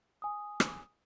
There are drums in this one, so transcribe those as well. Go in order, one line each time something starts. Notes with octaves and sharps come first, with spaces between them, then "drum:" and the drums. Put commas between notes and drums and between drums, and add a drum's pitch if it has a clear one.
G#5 D#6
drum: rim click